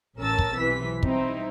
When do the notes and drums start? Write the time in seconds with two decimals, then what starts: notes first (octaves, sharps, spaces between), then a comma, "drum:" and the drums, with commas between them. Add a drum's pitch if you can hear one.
0.18 A1 C#4 A#4 A5 E6 A6
0.39 drum: kick
0.57 B1 C3 E3 B4 B6
1.03 G3 C4 D#4 E4, drum: kick